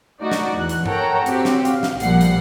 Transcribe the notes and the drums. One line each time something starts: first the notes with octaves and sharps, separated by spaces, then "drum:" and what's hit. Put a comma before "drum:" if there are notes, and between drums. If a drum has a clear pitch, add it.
A3 D#4 F#4 D5
drum: snare
E2 F#6
drum: hi-hat
A4 A#4 C#5 F#5 G5 A#5, drum: tom G2
C4 F#4 G4 C#5, drum: hi-hat
drum: snare
F5, drum: hi-hat
drum: snare
A#1 A#2 F3 G3 F#5 C7, drum: hi-hat
drum: hi-hat